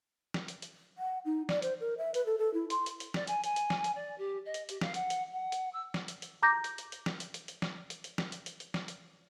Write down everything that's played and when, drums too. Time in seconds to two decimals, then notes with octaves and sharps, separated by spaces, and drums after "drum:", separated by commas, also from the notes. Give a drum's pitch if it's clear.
0.34 drum: snare
0.48 drum: hi-hat
0.62 drum: hi-hat
0.98 F#5
1.25 D#4
1.49 D5, drum: snare
1.62 C5, drum: hi-hat
1.80 A#4
1.98 E5
2.14 B4, drum: hi-hat
2.26 A4
2.38 A4
2.54 E4
2.70 C6, drum: hi-hat
2.86 drum: hi-hat
3.00 drum: hi-hat
3.14 D5, drum: snare
3.27 G#5, drum: hi-hat
3.44 G#5, drum: hi-hat
3.56 drum: hi-hat
3.70 drum: snare
3.84 drum: hi-hat
3.95 D5
4.18 G4
4.45 D#5
4.54 drum: hi-hat
4.69 G4, drum: hi-hat
4.81 F5, drum: snare
4.94 F#5, drum: hi-hat
5.10 drum: hi-hat
5.33 F#5
5.52 drum: hi-hat
5.73 E6
5.94 drum: snare
6.08 drum: hi-hat
6.22 drum: hi-hat
6.43 A#5 D6 G6 A#6
6.64 drum: hi-hat
6.78 drum: hi-hat
6.92 drum: hi-hat
7.06 drum: snare
7.20 drum: hi-hat
7.34 drum: hi-hat
7.48 drum: hi-hat
7.62 drum: snare
7.90 drum: hi-hat
8.04 drum: hi-hat
8.18 drum: snare
8.32 drum: hi-hat
8.46 drum: hi-hat
8.60 drum: hi-hat
8.74 drum: snare
8.88 drum: hi-hat